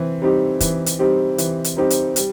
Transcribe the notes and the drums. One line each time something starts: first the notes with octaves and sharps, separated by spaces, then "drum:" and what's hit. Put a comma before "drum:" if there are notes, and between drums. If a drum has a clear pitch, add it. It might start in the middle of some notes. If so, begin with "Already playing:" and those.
Already playing: E3 C4
G3 C4 D#4 G4
E3, drum: kick, hi-hat
drum: hi-hat
G3 C4 D#4 G4
E3, drum: hi-hat
drum: hi-hat
G3 C4 D#4 G4
drum: hi-hat
G3, drum: hi-hat